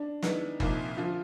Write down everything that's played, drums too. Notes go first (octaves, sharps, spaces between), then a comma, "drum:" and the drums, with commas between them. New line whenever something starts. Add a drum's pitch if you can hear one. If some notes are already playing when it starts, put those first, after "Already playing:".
Already playing: D4
D#3 G#3 B3 E4, drum: snare
C2 A#2 F3 A#3 D#4, drum: kick G1
D3 F3 F4